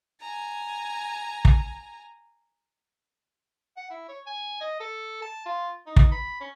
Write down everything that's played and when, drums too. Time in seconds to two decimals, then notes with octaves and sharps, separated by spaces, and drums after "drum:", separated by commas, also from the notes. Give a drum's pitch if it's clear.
0.21 G#5 A#5
1.45 drum: kick
3.77 F#5
3.90 E4
4.08 C#5
4.26 G#5
4.60 D#5
4.80 A4
5.22 A5
5.46 F4
5.86 D#4
5.96 drum: kick
6.12 B5
6.40 C#4